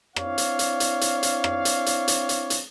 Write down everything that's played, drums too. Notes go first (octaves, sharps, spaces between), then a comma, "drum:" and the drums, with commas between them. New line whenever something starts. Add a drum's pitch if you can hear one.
C4 D4 E4 C#5 D5 F5, drum: rim click
drum: hi-hat
drum: hi-hat
drum: hi-hat
drum: hi-hat
drum: hi-hat
drum: rim click
drum: hi-hat
drum: hi-hat
drum: hi-hat
drum: hi-hat
drum: hi-hat